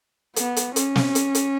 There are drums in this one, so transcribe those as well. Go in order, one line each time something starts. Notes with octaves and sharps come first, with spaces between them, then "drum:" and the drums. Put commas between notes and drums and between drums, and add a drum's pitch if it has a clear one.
B3, drum: hi-hat
drum: hi-hat
C#4, drum: hi-hat
drum: snare
drum: hi-hat
drum: hi-hat